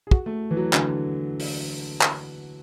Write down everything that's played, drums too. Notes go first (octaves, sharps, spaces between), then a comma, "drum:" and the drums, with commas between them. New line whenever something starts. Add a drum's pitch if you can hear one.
G#4
F#4, drum: kick
A3
E3
F#3
D3, drum: clap
drum: open hi-hat
drum: clap